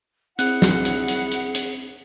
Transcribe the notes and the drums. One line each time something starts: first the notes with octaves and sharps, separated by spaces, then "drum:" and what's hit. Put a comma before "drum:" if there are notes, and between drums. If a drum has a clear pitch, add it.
C4 E4 G#4 F#5 F#6, drum: hi-hat
drum: snare
drum: hi-hat
drum: hi-hat
drum: hi-hat
drum: hi-hat